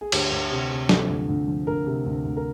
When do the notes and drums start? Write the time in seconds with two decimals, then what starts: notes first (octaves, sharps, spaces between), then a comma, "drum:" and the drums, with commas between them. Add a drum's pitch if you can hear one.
0.01 G#4
0.12 D2 G4, drum: cymbal
0.32 D2
0.52 C3
0.71 C3
0.89 F3 A4, drum: snare
1.09 D2
1.29 D2
1.48 F3
1.67 D2 A#4
1.87 C3
2.06 D2
2.25 D2
2.37 A#4